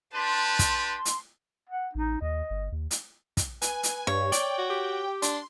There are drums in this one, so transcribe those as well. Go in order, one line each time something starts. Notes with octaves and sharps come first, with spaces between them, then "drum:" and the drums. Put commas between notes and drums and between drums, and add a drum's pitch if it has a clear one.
D4 G4 B4 A5 C6
drum: kick, hi-hat
drum: hi-hat
F#5
A1 D#4
D#2 D#5
G1
D#2
drum: hi-hat
drum: kick, hi-hat
B4 G#5, drum: hi-hat
drum: hi-hat
G2 C#5
D5 G5, drum: hi-hat
F#4
G4
D4 C6, drum: hi-hat